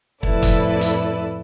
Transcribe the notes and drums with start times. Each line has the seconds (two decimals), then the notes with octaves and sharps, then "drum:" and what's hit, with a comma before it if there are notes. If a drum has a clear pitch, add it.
0.23 F2 A2 E4 A4 B4 D5, drum: kick
0.42 drum: kick, hi-hat
0.81 drum: hi-hat